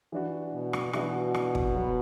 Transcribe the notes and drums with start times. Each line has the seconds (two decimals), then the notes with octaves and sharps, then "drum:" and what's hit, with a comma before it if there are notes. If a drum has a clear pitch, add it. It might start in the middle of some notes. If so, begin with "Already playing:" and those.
0.12 E3 D4 F#4
0.53 B2
0.73 drum: rim click
0.93 B2 E3 D4 F#4, drum: rim click
1.34 drum: rim click
1.55 drum: kick
1.75 F#3 B3 F#4